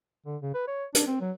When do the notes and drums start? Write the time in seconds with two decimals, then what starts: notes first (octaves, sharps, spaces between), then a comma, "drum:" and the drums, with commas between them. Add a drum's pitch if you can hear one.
0.26 D3
0.42 C#3
0.54 B4
0.68 C#5
0.95 D4, drum: hi-hat
1.07 C4
1.21 F#3